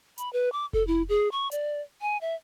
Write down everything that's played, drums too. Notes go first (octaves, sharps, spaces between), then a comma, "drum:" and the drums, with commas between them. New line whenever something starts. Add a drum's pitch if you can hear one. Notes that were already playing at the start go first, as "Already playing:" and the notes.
B5, drum: hi-hat
B4
D6
A4, drum: kick F1
E4
G#4
C#6
D5, drum: hi-hat
G#5
E5